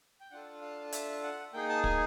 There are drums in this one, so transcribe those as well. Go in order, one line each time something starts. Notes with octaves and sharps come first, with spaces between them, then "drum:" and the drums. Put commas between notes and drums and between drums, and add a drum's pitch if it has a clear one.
G5
D4 F4 A4 F#5
F5
E5, drum: hi-hat
F#5
A#3 D#4 G#4 G5
A5
G#5, drum: kick